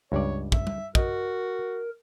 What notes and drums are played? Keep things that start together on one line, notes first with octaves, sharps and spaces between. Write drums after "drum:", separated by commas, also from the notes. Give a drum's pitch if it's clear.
C#2 G2 C#5 D5
E5, drum: kick
drum: tom G3
F#4 A#4 D#5, drum: kick